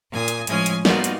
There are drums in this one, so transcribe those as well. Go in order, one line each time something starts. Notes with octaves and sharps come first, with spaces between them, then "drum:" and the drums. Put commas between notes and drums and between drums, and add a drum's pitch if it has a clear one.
A#2 G#5 D#6
drum: hi-hat
A2 F3 G#3 C#4 G#5 D#6, drum: hi-hat
drum: hi-hat
G3 A#3 B3 D#4 F4 F#4, drum: snare
drum: hi-hat